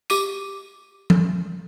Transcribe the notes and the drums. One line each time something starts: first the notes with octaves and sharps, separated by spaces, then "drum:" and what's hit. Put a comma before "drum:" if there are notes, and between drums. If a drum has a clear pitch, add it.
G4 D6 D#7, drum: tambourine
drum: tom F3